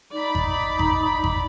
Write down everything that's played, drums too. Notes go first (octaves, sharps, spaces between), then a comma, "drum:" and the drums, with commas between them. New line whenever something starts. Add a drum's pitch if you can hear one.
D#4 D5 B5
drum: kick G#1
drum: kick G#1
drum: kick G#1